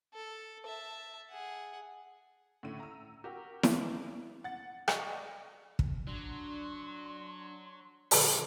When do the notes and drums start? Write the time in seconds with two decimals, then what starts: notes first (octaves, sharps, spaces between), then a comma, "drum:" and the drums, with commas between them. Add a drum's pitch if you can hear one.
0.14 A4
0.65 E5 A5
1.30 G#4 F#5
2.63 A2 D3 D#7
2.80 A#5 E6
3.24 F#4 G4 A#4
3.63 D6, drum: snare E4
4.44 F#5 A6
4.88 D5 D#5 C#6, drum: rim click
5.79 drum: kick
6.07 F#3 D4 C6
8.11 A#2 D3 F3, drum: open hi-hat